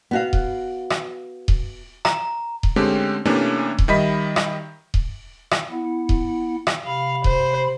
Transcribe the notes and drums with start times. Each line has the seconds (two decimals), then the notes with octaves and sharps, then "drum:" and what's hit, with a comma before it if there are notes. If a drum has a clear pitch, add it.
0.11 B3 F#4 F5
0.33 drum: kick D#1
0.90 drum: rim click
1.48 drum: kick D#1
2.05 A#5, drum: rim click
2.63 drum: kick D#1
2.76 D3 G#3 A3 C4 C#4 G4
3.26 C3 E3 A3 A#3 C#4 D4
3.79 drum: kick D#1
3.88 D#3 G3 D#5 E5 B5 B6
4.36 drum: rim click
4.94 drum: kick D#1
5.51 drum: rim click
5.71 B3 E4 F#5
6.09 drum: kick D#1
6.67 drum: rim click
6.85 C3 F5 B5
7.24 C5, drum: kick D#1